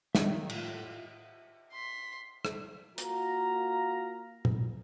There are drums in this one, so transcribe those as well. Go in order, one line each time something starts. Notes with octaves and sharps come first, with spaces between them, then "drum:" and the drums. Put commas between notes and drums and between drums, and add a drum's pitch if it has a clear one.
D#3 E5, drum: snare
A2 F4, drum: cymbal
C6 B6
drum: rim click
A#3 F4 F#4 A#4 A#5, drum: hi-hat
drum: tom